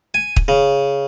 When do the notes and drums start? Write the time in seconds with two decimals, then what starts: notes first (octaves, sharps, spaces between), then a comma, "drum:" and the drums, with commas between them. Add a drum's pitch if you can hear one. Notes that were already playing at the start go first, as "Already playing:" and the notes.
0.14 G#5
0.36 drum: kick
0.48 C#3